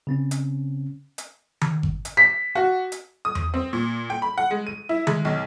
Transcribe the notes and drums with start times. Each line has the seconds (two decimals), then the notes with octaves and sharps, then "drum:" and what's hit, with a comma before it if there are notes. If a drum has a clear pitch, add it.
0.07 C#3 C4 C#4
0.31 drum: hi-hat
1.18 drum: hi-hat
1.61 drum: tom D#3
1.83 drum: kick G#1
2.05 drum: hi-hat
2.17 B6
2.55 F#4
2.92 drum: hi-hat
3.25 D#6
3.35 drum: tom E2
3.54 C4
3.73 A#2
4.10 G5
4.22 B5
4.38 F#5
4.51 G#3
4.67 D#7
4.89 E4
5.07 G#3, drum: tom D#3
5.25 B1